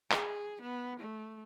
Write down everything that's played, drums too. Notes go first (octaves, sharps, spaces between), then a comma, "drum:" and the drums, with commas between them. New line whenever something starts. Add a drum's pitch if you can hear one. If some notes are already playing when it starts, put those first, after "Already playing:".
G#4, drum: clap
B3
A3